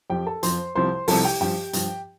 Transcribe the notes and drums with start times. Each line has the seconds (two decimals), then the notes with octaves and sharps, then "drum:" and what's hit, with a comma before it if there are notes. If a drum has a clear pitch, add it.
0.10 F2 F3 G4 G5
0.26 A4 A5
0.43 F2 F3 C5 C6, drum: hi-hat
0.75 C2 C3 F3 C5 C6
1.08 C2 C3 F3 A4 A5, drum: open hi-hat
1.24 G4 G5
1.40 G2 F3 G4 G5
1.73 G2 F3, drum: hi-hat